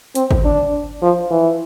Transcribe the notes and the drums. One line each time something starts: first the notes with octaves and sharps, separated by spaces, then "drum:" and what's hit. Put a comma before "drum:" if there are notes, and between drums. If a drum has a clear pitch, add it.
C4, drum: hi-hat
drum: kick
D4
F3
E3